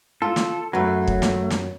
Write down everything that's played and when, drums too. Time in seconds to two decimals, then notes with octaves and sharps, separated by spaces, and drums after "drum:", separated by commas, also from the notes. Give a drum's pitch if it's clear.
0.22 F4 A4
0.36 drum: snare
0.73 F#2 F#3 A3 B4
1.08 drum: kick
1.22 drum: snare
1.50 drum: snare